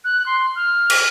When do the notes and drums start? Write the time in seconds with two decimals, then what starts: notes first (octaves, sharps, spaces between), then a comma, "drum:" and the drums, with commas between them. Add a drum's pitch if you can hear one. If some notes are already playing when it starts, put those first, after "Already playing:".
0.05 F#6
0.26 C6
0.55 F6
0.90 drum: cymbal